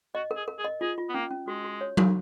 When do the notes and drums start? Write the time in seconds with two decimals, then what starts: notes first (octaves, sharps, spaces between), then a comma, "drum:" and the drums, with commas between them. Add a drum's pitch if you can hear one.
0.15 F#4 D#5
0.31 A#4
0.36 G#4
0.48 A#4
0.58 G#4
0.64 D#5
0.81 F4 G#4
0.98 F4
1.09 B3
1.14 A#3 C#4
1.31 C#4
1.47 G#3 F#4
1.64 F#4
1.81 C#5
1.97 F#4, drum: tom F#3